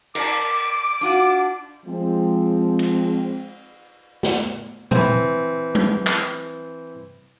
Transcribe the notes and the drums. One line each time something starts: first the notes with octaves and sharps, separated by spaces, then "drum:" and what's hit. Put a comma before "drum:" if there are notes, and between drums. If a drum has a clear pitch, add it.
A#4 D5 A5 D6, drum: cymbal
D4 F4 F#4
F3 G#3 C4
drum: cymbal
drum: snare
E3 C4, drum: tom A#2
drum: tom F#3
drum: clap